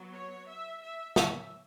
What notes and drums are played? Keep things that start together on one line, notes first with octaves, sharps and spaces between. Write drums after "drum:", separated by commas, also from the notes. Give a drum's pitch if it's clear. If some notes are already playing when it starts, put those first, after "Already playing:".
Already playing: F#3 B3
C#5
E5
E5
E5, drum: snare